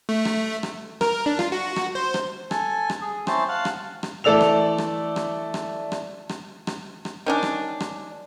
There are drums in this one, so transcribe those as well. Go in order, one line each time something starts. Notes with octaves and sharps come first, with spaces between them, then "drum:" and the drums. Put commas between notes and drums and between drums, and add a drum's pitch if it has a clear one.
A3
drum: rim click
drum: rim click
A#4, drum: rim click
D4
F4, drum: rim click
F#4
drum: rim click
C5
drum: rim click
A4 G#5, drum: rim click
drum: rim click
G#4
C4 C#4 E4 C5 A5, drum: rim click
F5 F#5 A5
drum: rim click
drum: rim click
E3 A3 A4 D5 E6 F7
drum: rim click
drum: rim click
drum: rim click
drum: rim click
drum: rim click
drum: rim click
drum: rim click
drum: rim click
D#3 C#4 D4
drum: rim click
drum: rim click